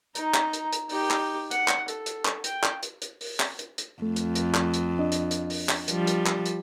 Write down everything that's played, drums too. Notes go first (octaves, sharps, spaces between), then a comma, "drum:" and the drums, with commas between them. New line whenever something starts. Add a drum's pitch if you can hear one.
D#4 A#5, drum: hi-hat
drum: clap
drum: hi-hat
drum: hi-hat
D#4 G4, drum: open hi-hat
drum: clap
F#5, drum: hi-hat
drum: clap
A4, drum: hi-hat
drum: hi-hat
drum: clap
G5, drum: hi-hat
drum: clap
drum: hi-hat
drum: hi-hat
drum: open hi-hat
drum: clap
drum: hi-hat
drum: hi-hat
F2 A3
drum: hi-hat
drum: hi-hat
drum: clap
drum: hi-hat
D4 D#5
drum: hi-hat
drum: hi-hat
drum: open hi-hat
drum: clap
F3 G3, drum: hi-hat
drum: hi-hat
drum: clap
drum: hi-hat